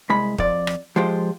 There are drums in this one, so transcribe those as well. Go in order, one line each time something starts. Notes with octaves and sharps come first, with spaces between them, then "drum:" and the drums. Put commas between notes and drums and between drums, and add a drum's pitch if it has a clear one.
C2 G#3 B5
F2 D5, drum: kick
drum: rim click
F3 G#3 F4 G4 C5